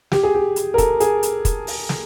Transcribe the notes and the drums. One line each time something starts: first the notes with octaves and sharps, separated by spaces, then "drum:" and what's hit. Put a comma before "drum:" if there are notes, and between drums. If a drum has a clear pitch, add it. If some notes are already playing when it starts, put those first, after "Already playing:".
G4, drum: snare
G#4
G4
drum: hi-hat
A#4
A4, drum: kick, hi-hat
G#4, drum: hi-hat
drum: hi-hat
drum: kick, hi-hat
drum: open hi-hat
drum: snare